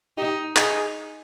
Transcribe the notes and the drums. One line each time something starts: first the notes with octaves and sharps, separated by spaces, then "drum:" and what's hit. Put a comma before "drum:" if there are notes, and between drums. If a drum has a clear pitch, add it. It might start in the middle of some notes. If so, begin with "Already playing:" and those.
D#4 G4
D#4 G#4, drum: clap